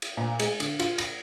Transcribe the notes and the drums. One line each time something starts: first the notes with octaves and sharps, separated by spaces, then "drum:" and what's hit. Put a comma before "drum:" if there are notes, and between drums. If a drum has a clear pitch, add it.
drum: cymbal
A#2
G#3, drum: cymbal
D3, drum: cymbal
F4, drum: cymbal
A#6, drum: cymbal